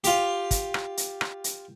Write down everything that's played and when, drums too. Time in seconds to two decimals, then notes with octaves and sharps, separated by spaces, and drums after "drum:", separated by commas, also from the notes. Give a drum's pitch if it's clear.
0.04 F4 G4, drum: hi-hat
0.51 drum: kick, hi-hat
0.74 drum: rim click
0.97 drum: hi-hat
1.21 drum: rim click
1.44 drum: hi-hat